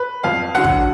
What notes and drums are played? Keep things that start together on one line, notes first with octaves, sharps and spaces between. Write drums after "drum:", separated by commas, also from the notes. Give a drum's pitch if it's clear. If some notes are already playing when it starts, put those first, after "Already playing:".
Already playing: B4
F2 F5
D3 F#3 F#5
drum: kick